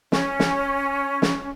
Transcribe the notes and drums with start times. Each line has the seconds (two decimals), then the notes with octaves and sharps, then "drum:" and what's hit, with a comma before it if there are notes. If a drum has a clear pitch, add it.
0.12 C#4, drum: snare
0.39 drum: snare
1.22 drum: snare